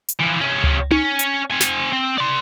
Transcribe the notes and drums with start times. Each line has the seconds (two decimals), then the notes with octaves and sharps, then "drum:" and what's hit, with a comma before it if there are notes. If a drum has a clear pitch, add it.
0.09 drum: hi-hat
0.20 E3 F3
0.41 C3 C#4
0.64 drum: tom C#2
0.91 C#4, drum: tom D#4
1.19 drum: hi-hat
1.51 C4 G#5
1.60 drum: snare
1.93 C4
2.18 D5 C6